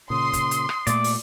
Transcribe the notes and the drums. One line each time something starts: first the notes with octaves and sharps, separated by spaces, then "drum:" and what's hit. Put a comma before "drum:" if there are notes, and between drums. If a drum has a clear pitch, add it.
A#2 C#3 C6 D#6
drum: kick, hi-hat
drum: hi-hat
drum: rim click
A#2 A3 D5, drum: hi-hat
drum: open hi-hat